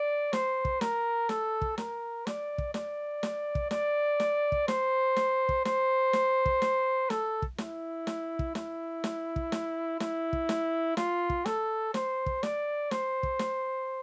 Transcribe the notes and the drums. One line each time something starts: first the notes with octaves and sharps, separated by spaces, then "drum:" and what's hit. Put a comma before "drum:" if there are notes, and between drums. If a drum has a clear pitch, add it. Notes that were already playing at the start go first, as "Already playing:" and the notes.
Already playing: D5
C5, drum: snare
drum: kick
A#4, drum: snare
A4, drum: snare
drum: kick
A#4, drum: snare
D5, drum: snare
drum: kick
D5, drum: snare
drum: snare
drum: kick
D5, drum: snare
drum: snare
drum: kick
C5, drum: snare
drum: snare
drum: kick
C5, drum: snare
drum: snare
drum: kick
drum: snare
A4, drum: snare
drum: kick
E4, drum: snare
drum: snare
drum: kick
E4, drum: snare
drum: snare
drum: kick
drum: snare
E4, drum: snare
drum: kick
drum: snare
F4, drum: snare
drum: kick
A4, drum: snare
C5, drum: snare
drum: kick
D5, drum: snare
C5, drum: snare
drum: kick
drum: snare